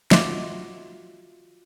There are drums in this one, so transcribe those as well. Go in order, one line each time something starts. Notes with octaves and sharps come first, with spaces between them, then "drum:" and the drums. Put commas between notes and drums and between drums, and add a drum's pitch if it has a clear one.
F4 F#4 D#5 E5 C6 D6, drum: snare